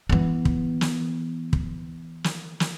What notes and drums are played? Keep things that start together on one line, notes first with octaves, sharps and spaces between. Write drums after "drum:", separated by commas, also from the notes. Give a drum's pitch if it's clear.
E3 B3
drum: kick
drum: snare
drum: kick
drum: snare
drum: snare